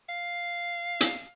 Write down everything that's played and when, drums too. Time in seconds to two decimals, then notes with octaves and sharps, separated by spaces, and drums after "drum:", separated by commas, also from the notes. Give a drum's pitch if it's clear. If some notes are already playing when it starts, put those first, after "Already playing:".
0.09 F5
1.00 drum: hi-hat